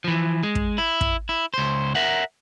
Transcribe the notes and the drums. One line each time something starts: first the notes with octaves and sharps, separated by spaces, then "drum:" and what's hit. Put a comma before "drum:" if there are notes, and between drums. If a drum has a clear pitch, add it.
E3 F3
G#3
drum: kick
E4
drum: kick
E4
C#2 C5
A#4 E5 F#5